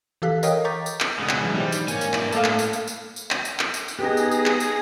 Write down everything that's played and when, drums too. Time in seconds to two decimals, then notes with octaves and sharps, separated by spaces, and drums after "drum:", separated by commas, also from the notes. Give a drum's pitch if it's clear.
0.22 E3 G4 A4 F5 F#6 B6
0.43 A#4 C#5 D#5 F5 G5 D#6, drum: tambourine
0.65 A#5 C#6 D6 G6 A6 B6
0.86 drum: tambourine
1.00 drum: clap
1.19 C#3 G#3 B3 D4
1.29 drum: clap
1.40 G#2 B2 E3 F#3 G#4 B5
1.54 G3 D#4 G4 C5
1.72 drum: tambourine
1.88 G#2 A#3 C#5 G#5, drum: tambourine
2.01 drum: tambourine
2.13 G2 E4 D5, drum: clap
2.32 A2 A4 F5, drum: tambourine
2.44 drum: clap
2.59 drum: tambourine
2.73 drum: tambourine
2.87 drum: tambourine
3.16 drum: tambourine
3.31 drum: clap
3.45 drum: tambourine
3.59 drum: clap
3.74 drum: tambourine
3.88 drum: tambourine
3.99 B3 D#4 G4 G#4 A#6
4.17 drum: tambourine
4.31 drum: tambourine
4.46 drum: clap
4.60 drum: tambourine